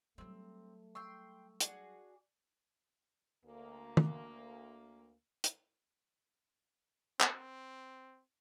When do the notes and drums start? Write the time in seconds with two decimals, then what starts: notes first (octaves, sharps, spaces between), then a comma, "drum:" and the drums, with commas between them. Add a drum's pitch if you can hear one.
0.18 F#3 G3 A3 C4
0.95 G5 C6 C#6 E6
1.60 D4 F#4 G#4, drum: hi-hat
3.46 D2 A#3
3.97 drum: tom
5.44 drum: hi-hat
7.21 C4, drum: clap